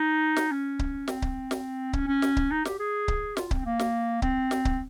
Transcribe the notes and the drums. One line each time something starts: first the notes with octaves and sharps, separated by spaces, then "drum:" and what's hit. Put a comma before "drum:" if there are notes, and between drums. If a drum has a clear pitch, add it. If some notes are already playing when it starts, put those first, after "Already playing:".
Already playing: D#4
drum: snare
C#4
drum: kick C#1
C4, drum: snare
drum: kick C#1
drum: snare
C#4, drum: kick C#1
C#4
drum: snare
drum: kick C#1
D#4
G4, drum: snare
G#4
drum: kick C#1
F4, drum: snare
C4, drum: kick C#1
A#3
drum: snare
C4, drum: kick C#1
drum: snare
drum: kick C#1